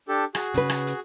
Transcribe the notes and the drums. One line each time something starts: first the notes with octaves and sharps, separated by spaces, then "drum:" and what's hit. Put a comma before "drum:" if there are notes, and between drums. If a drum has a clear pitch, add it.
D4 G4 A4
F#4 G#4, drum: rim click
C#3 B4, drum: hi-hat
drum: rim click
drum: hi-hat